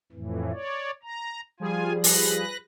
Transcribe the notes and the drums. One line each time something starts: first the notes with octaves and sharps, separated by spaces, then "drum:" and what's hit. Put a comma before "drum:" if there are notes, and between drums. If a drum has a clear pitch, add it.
F2 A2 E3
C#5 D5
A#5
F3 G3 F4 G#4 G#5
B4 F#6 A#6, drum: open hi-hat